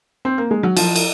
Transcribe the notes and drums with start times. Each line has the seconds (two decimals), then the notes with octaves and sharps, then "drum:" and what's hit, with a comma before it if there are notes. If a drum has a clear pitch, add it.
0.25 C4
0.38 A#3
0.51 G#3
0.63 F#3
0.77 F3, drum: cymbal
0.96 drum: cymbal